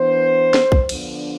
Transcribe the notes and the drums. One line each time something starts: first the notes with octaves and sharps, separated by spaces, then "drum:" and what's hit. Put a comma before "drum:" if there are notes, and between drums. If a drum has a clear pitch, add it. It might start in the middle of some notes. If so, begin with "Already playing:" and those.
Already playing: E3 B3 D4 C5
drum: snare
drum: kick A#1
D3 F3 B3 D4, drum: cymbal